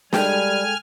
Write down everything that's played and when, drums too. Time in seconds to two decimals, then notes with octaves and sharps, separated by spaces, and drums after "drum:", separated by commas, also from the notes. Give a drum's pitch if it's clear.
0.13 G3 G#3 A4 G5 G#5 F6, drum: snare